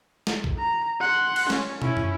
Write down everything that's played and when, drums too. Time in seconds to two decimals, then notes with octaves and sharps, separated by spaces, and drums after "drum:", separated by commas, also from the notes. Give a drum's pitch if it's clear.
0.27 drum: snare
0.44 drum: kick
0.59 A#5
1.01 F#5 C6
1.36 drum: cymbal
1.50 C#4, drum: snare
1.82 C#4 E4, drum: tom
1.97 drum: tom